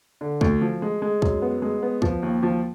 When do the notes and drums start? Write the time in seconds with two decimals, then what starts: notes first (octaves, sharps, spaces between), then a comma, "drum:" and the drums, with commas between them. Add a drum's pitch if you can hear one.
0.21 D3
0.41 D2, drum: kick
0.61 F3
0.82 G#3
1.02 G#3
1.22 F#2, drum: kick
1.42 B3
1.62 G#3
1.83 B3
2.02 F3, drum: kick
2.23 D#2
2.43 F3